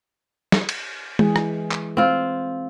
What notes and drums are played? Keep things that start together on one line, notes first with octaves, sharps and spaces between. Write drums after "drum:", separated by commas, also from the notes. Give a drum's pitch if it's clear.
drum: snare
drum: cymbal
E3 G#3 G#4, drum: tom
drum: rim click
drum: clap
C4 F4